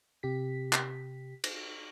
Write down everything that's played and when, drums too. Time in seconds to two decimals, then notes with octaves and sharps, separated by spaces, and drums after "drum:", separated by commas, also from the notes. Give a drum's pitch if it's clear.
0.23 C3 G4 B6
0.73 drum: clap
1.44 drum: cymbal